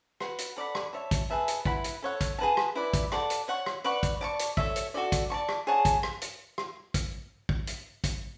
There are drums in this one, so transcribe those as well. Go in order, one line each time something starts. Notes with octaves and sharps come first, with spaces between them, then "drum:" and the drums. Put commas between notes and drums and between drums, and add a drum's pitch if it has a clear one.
F#4 B4 F#5, drum: rim click
drum: hi-hat
A4 D5 F#5 B5
drum: rim click
C#5 E5 A5
drum: kick, hi-hat
G#4 B4 E5 A5
drum: hi-hat
E4 B4 F#5 B5, drum: kick
drum: hi-hat
A4 C#5 F#5
drum: kick, hi-hat
G#4 B4 F#5 A5
drum: rim click
E4 B4 D5
drum: kick, hi-hat
A4 D5 F#5 A5, drum: rim click
drum: hi-hat
C#5 F#5 C#6
drum: rim click
B4 D5 F#5 C#6
drum: kick, hi-hat
D5 A5 C#6
drum: hi-hat
A4 C#5 E5, drum: kick
drum: hi-hat
F#4 A4 D5
drum: kick, hi-hat
D5 A5 C#6
drum: rim click
G#4 C#5 F#5 A5
drum: kick, hi-hat
drum: rim click
drum: hi-hat
drum: rim click
drum: kick, hi-hat
drum: kick
drum: hi-hat
drum: kick, hi-hat